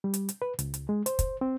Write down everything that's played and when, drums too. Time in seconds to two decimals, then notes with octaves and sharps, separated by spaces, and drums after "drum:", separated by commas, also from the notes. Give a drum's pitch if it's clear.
0.04 G3
0.14 drum: hi-hat
0.29 drum: hi-hat
0.42 B4
0.59 C#2, drum: hi-hat
0.74 drum: hi-hat
0.89 G#3
1.06 C5, drum: hi-hat
1.19 drum: kick, hi-hat
1.41 C4